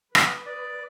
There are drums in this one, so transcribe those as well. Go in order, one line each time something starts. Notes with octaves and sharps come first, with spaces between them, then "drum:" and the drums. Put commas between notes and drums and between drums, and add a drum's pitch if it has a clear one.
B4 D6 D#6, drum: rim click
D5